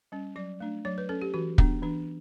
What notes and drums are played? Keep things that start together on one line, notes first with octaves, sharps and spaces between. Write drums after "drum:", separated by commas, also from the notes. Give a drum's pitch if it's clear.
G3 C#4
F#3 D5
A3 D4
F#3 C#5
B4
C#4 A4
G4
E3 F#4
B3 D4, drum: kick
E3 D4